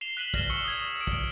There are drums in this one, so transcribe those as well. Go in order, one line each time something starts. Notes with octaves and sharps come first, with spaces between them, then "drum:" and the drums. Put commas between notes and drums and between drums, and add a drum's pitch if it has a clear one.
C7 E7 F7 G7
F#6 B6 D#7 F#7
F6 A#6 E7 G7, drum: kick, cymbal
C#6 E6 C#7 G7
D#6 G#6
D#6 D7
drum: kick, cymbal